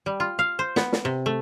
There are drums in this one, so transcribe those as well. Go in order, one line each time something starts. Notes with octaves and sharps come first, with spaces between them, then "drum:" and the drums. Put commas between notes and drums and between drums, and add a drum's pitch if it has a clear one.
G3
F4
F5
C5
B3, drum: snare
drum: snare
C3
A3